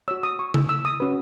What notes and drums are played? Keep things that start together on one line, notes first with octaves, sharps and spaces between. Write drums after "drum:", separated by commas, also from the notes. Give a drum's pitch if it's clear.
F#4 C#5 E6
D#6
C#6
E6, drum: tom C#3
E6
D#6
C#4 F#4 B4